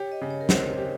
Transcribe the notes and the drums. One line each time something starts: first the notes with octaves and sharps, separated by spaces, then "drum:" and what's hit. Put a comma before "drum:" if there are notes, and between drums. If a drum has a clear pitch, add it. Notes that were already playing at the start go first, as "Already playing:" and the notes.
Already playing: G4 C#5
D#5
C#3
C#5
A#4
C4 C5, drum: snare
C5
G4